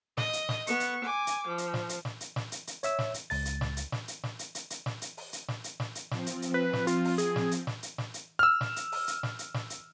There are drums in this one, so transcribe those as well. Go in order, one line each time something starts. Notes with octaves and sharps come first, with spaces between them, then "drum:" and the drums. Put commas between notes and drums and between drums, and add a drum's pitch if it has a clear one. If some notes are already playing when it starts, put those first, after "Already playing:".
D#5, drum: snare
drum: hi-hat
drum: snare
B3 C#6, drum: hi-hat
drum: hi-hat
G#5 D6
drum: hi-hat
F3
drum: hi-hat
drum: snare
drum: hi-hat
drum: snare
drum: hi-hat
drum: snare
drum: hi-hat
drum: hi-hat
C#5 E5 E6, drum: hi-hat
drum: snare
drum: hi-hat
C#2 A6, drum: open hi-hat
drum: hi-hat
drum: snare
drum: hi-hat
drum: snare
drum: hi-hat
drum: snare
drum: hi-hat
drum: hi-hat
drum: hi-hat
drum: snare
drum: hi-hat
drum: open hi-hat
drum: hi-hat
drum: snare
drum: hi-hat
drum: snare
drum: hi-hat
F3 C4, drum: snare
drum: hi-hat
drum: hi-hat
B4
drum: snare
F4, drum: hi-hat
drum: open hi-hat
G#4, drum: hi-hat
drum: snare
drum: hi-hat
drum: snare
drum: hi-hat
drum: snare
drum: hi-hat
E6 F6
drum: snare
drum: hi-hat
drum: open hi-hat
drum: hi-hat
drum: snare
drum: hi-hat
drum: snare
drum: hi-hat